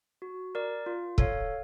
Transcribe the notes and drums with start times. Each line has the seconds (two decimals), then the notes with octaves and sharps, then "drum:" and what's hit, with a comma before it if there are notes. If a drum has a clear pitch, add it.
0.22 F#4
0.55 A#4 D5
0.86 F4
1.18 A4 C#5 F5, drum: kick